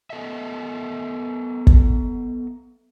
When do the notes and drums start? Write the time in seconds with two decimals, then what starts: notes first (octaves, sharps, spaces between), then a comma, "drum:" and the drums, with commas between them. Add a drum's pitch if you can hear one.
0.10 B3 A4 D#5 E5
1.67 drum: kick